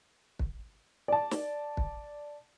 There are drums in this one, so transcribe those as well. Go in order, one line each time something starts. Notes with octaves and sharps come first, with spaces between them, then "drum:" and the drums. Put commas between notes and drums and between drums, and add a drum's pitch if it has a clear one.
drum: kick
D5 A5
drum: snare
drum: kick